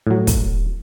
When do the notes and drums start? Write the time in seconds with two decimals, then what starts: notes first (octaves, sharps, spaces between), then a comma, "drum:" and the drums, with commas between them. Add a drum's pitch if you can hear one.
0.07 A2 F#3
0.27 drum: kick, hi-hat